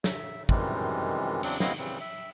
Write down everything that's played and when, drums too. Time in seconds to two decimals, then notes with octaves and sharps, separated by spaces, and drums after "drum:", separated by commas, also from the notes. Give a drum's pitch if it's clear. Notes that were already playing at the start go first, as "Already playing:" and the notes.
0.04 E5, drum: snare
0.49 F#2 C3 D#3 E3 G3 G#3, drum: kick
1.43 E2 C#3 F#3 C4 D4, drum: cymbal
1.60 A3 B3 C4 E4 D#5 F5, drum: snare
1.78 C#3 E3 G3 C4
2.01 E5